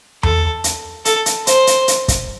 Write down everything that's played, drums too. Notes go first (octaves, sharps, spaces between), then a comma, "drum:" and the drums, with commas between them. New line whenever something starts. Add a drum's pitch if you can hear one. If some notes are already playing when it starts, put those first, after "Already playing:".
A4, drum: tom E2
drum: hi-hat
A4, drum: hi-hat
drum: hi-hat
C5, drum: hi-hat
drum: hi-hat
drum: hi-hat
drum: kick, hi-hat